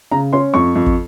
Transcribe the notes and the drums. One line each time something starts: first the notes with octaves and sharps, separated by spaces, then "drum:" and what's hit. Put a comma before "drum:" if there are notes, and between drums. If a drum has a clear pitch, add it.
C#3 A#5
C#4 C6
F2 C#6
F2
drum: kick